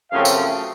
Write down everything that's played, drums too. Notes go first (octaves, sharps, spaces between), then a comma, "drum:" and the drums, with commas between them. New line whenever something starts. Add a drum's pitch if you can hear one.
F#2 C#3 F3 A3 C4 F5
drum: tambourine